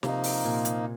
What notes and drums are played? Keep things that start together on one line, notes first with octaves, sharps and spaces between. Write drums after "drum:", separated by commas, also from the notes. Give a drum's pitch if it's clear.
C3 F3 A#3 D#4, drum: snare
drum: open hi-hat
A#2
drum: hi-hat